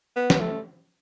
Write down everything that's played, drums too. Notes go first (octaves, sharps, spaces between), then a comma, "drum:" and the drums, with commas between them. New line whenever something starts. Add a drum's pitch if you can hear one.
B3
drum: snare
A3